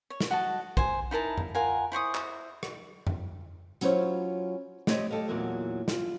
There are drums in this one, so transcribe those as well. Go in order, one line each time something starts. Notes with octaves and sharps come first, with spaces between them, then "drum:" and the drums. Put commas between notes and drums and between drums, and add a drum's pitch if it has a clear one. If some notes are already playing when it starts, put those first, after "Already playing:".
C#5
drum: snare
F#4 D#5 A5
C5 G#5, drum: kick A#1
D#4 E4 A#4 A5
drum: tom F2
F4 A#4 F#5 G#5
E4 C5 C#6 D#6
drum: clap
drum: rim click
drum: tom F2
F#3 C#4 E4 F4 C5 C#5, drum: hi-hat
A3 C4 G4 C#5 D#5, drum: snare
G4 A4 D#5 F5
E2 A#2 F#3 A#3 F#4 E5
F4, drum: snare